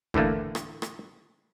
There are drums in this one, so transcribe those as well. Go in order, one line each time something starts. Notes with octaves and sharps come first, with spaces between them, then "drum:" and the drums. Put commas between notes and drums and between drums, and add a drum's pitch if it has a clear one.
A2 D3 E3 A3 A#3, drum: kick G1
drum: rim click
drum: rim click